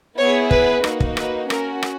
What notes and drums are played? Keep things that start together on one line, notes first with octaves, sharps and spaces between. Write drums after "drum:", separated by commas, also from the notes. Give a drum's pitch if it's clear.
B3 E4 G#4 C#5
B4, drum: kick
A#3 D#4 F#4, drum: rim click
drum: kick
B4, drum: rim click
C#4 F#4 A#4, drum: rim click
drum: rim click